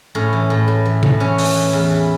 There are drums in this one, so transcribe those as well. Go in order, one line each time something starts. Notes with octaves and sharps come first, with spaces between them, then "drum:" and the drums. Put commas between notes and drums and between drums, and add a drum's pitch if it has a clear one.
A2 C#4
E3
A2
A2
E3
A2, drum: tom
E3 C#4
E3, drum: open hi-hat
E3
E2
E3